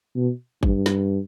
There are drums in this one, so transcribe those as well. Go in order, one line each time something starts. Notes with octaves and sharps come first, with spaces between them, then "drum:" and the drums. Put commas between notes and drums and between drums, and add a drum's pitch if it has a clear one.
B2
G2, drum: kick G#1
drum: snare